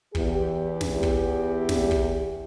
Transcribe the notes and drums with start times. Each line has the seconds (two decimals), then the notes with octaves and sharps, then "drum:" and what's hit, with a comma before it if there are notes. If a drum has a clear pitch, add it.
0.15 E2 G4, drum: kick
0.81 drum: snare
1.03 drum: kick
1.69 drum: snare
1.91 drum: kick